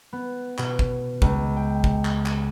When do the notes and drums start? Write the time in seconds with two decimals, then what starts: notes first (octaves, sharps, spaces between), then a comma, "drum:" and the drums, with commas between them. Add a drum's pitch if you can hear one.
0.13 B3
0.58 B2, drum: clap
0.79 drum: kick
1.22 C#2, drum: kick
1.56 G5
1.84 drum: kick
2.05 drum: clap
2.26 drum: clap